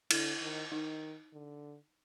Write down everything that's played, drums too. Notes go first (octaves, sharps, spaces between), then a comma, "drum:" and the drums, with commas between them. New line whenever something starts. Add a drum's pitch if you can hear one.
D3 E4, drum: cymbal
D#3
D#3 D#4
D3